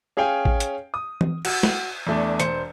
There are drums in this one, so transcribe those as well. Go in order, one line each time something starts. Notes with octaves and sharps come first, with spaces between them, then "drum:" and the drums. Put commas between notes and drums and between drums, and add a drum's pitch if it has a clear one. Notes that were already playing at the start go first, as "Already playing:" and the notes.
C#4 G#4 C#5 F5 G5 G#5
drum: kick A1
drum: hi-hat
D#6
drum: tom E3
F#4, drum: cymbal
drum: snare
E2 A3 D4
E1 C5 C#7, drum: hi-hat